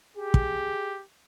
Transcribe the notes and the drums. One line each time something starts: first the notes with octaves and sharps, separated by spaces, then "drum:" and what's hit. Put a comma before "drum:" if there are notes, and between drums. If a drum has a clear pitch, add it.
G4 G#4
drum: kick